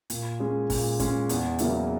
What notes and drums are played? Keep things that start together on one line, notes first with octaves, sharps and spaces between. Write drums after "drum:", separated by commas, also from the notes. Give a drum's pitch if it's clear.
A#2, drum: hi-hat
G#3 C#4 G#4
A#2, drum: kick, open hi-hat
G#3 C#4 G#4, drum: kick, hi-hat
E2, drum: hi-hat
C#3 F#3 A#3 E4, drum: hi-hat